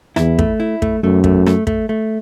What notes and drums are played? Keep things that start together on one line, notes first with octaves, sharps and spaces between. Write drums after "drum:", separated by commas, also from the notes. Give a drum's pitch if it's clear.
E2 E4, drum: rim click
A3, drum: kick
E4
A3, drum: kick
F#2 A3
A3, drum: kick
A3, drum: rim click
A3, drum: kick
A3